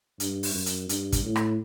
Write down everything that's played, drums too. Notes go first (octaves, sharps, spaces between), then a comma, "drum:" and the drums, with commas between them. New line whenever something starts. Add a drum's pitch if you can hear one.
G2, drum: hi-hat
drum: open hi-hat
F#2
drum: hi-hat
G2, drum: hi-hat
drum: kick, hi-hat
A2
drum: rim click